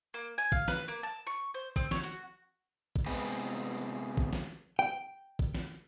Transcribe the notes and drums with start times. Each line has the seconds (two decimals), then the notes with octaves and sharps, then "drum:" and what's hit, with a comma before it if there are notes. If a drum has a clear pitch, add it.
0.14 A#3
0.38 G#5
0.52 F5, drum: kick
0.68 B4, drum: snare
0.88 A#3
1.03 A5
1.27 C#6
1.54 C5
1.76 C4, drum: kick
1.91 C#5, drum: snare
2.03 F#4
2.96 drum: kick
3.06 C3 G#3 B3 B4
4.17 drum: kick
4.33 drum: snare
4.79 G5
5.39 drum: kick
5.54 drum: snare